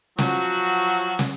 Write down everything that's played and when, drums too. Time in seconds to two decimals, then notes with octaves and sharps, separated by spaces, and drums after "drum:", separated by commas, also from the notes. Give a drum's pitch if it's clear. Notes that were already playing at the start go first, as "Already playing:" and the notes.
0.19 F3 F#3 F#4, drum: snare
1.19 drum: snare